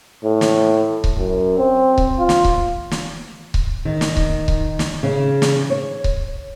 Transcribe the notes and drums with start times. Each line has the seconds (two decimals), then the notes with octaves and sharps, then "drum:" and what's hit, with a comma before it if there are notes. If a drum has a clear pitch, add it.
0.25 A2
0.41 drum: snare
1.04 drum: kick C#1
1.18 F#2
1.58 C4
1.98 drum: kick C#1
2.19 F4
2.29 drum: snare
2.44 drum: kick C#1
2.91 drum: snare
3.54 drum: kick C#1
3.85 D#3
4.01 drum: snare
4.17 drum: kick C#1
4.48 drum: kick C#1
4.79 drum: snare
5.03 C#3
5.42 drum: snare
5.70 C#5
6.04 drum: kick C#1